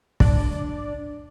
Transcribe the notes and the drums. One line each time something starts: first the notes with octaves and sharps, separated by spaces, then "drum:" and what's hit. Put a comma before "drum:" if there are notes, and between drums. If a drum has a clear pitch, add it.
D4 D5, drum: kick